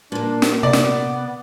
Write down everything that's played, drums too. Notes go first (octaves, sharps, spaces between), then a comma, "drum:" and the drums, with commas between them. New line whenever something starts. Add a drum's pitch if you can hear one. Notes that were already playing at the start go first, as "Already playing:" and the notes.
A#2 A#3 D4
drum: snare
C3 B3 D5
drum: snare